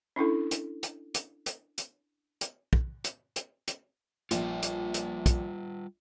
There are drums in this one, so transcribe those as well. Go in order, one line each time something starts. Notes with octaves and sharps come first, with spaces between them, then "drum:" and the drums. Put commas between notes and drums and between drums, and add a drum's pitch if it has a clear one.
C#4 D4 E4 A4
drum: hi-hat
drum: hi-hat
drum: hi-hat
drum: hi-hat
drum: hi-hat
drum: hi-hat
drum: kick
drum: hi-hat
drum: hi-hat
drum: hi-hat
A#1 G3 F4, drum: hi-hat
drum: hi-hat
drum: hi-hat
drum: kick, hi-hat